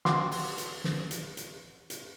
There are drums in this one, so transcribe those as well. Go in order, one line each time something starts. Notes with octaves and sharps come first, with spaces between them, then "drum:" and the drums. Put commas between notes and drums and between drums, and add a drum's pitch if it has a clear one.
F#4 C6 D6, drum: snare
drum: open hi-hat
drum: hi-hat
drum: snare
drum: hi-hat
drum: hi-hat
drum: hi-hat